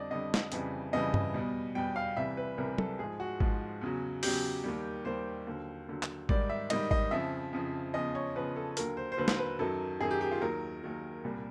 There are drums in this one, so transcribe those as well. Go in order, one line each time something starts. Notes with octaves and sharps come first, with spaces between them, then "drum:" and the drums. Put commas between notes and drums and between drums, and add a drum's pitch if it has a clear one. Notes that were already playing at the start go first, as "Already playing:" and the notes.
Already playing: F2 D3 G3 D5 D#5
F2 D3 G3 D#5
drum: snare
F2 C#3 E3 G3, drum: hi-hat
F2 C#3 E3 G3 D#5
drum: tom G2
E2 B2 G3
E2 B2 G3 G5
F5
C2 C3 E3 G3 E5
B4
C2 C3 E3 G3 A#4
A4, drum: tom
G#2 F3 G#4
F#4
G#2 F3, drum: kick G#1
E2 C#3 F#3
E2 C#3 F#3 G4, drum: open hi-hat
D#2 D#3 G3
D#2 D#3 G3 C5
D#2 D3 F#3
D#2 D3 F#3
drum: clap
G#2 D#3 G3 D5, drum: kick G#1
E5
G#2 D#3 G3 D#5, drum: cymbal
D#5, drum: kick G#1
F2 C#3 F3 E5
F2 C#3 F3
E2 C#3 F3 D#5
C#5
E2 C#3 F3 B4
A4
D#2 D3 F#3 A#4, drum: hi-hat
C5
C5
D#2 D3 F#3 B4
drum: snare
B4
F#2 D#3 F#3 A4
F#2 D#3 F#3 G#4
G4
G4
F4
D#2 D#3 F#3 A#4
D#2 D#3 F#3
C2 A#2 G3